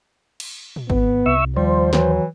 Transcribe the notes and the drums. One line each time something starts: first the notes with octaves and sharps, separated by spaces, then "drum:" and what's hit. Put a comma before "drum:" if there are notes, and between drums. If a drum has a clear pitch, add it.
drum: cymbal
drum: tom
G#1 B3, drum: kick
C2 C3 E5 C#6 E6
D#2 F3 G3 C5
E3 F#3, drum: snare